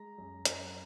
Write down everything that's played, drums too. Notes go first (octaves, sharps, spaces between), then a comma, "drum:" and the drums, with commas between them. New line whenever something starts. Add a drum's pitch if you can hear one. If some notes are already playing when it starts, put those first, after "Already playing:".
Already playing: G#3 A#5
F#2
F#2, drum: hi-hat